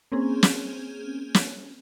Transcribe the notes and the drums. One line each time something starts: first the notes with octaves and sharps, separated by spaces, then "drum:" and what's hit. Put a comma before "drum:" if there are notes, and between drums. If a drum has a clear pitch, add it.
A#3 C4 C#4 G#4
drum: snare
drum: snare